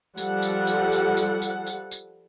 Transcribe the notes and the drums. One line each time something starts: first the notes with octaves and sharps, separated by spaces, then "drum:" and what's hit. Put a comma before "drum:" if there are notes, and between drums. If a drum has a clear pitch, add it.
F3 G3 A4 F#5, drum: tambourine
drum: tambourine
drum: tambourine
drum: tambourine
drum: tambourine
drum: tambourine
drum: tambourine
drum: tambourine